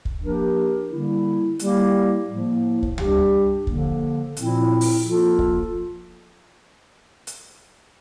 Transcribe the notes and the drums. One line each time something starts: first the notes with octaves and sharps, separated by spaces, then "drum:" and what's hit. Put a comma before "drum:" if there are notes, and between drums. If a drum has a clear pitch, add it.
drum: kick
F3 A#3 D4 G4 A#4
D3 G3 A#3 E4
G3 A#3 E4 G4, drum: hi-hat
A2 F3 A#3
drum: kick
G3 D4 G4, drum: tom
D3 F3 A#3, drum: kick
A#2 F3 C4 E4, drum: hi-hat
drum: open hi-hat
F3 A#3 F4 A4
drum: kick
drum: hi-hat